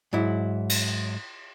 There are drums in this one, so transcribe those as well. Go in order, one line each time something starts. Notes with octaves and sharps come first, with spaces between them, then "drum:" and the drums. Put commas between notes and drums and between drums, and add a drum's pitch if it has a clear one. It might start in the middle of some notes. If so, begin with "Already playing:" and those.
G#2 F#3 E4
drum: cymbal